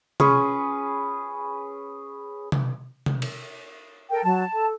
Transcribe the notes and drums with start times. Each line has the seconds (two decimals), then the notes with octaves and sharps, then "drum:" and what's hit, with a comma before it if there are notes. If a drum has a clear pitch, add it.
0.20 C#4 G#4 B4, drum: tom C3
2.52 drum: tom C3
3.06 drum: tom C3
3.22 drum: cymbal
4.11 A4 A#4 G5
4.24 F#3 A5
4.54 A4